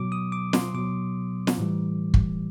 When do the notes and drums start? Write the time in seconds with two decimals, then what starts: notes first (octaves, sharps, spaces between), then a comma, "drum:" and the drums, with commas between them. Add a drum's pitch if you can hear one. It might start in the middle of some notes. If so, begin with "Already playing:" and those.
Already playing: B2 F#3 D6
0.12 D#6
0.32 D6
0.53 C6, drum: snare
0.75 B2 F#3 D6
1.47 drum: snare
1.58 A2 E3 G3
2.14 drum: kick